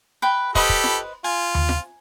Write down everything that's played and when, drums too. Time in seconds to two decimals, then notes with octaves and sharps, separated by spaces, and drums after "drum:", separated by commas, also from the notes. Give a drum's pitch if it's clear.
0.22 B4 G5 B5
0.55 G4 A4 B4 C5 D#5 B5, drum: kick
0.69 drum: kick
0.84 drum: snare F4
1.24 F4 G#5
1.55 drum: tom D#2
1.69 drum: snare F4